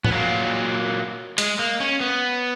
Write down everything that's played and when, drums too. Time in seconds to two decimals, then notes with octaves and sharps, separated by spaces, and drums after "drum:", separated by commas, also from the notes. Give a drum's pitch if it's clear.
0.04 B3, drum: tom A2
0.12 A#2 F#3 A#3
1.38 G#3, drum: hi-hat
1.59 A#3
1.80 C#4
2.00 B3